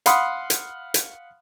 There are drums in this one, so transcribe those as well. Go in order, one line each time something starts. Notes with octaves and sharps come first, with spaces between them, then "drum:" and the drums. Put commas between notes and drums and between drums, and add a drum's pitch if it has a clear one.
F5 F#5 B5 C6 D#6, drum: hi-hat
drum: hi-hat
drum: hi-hat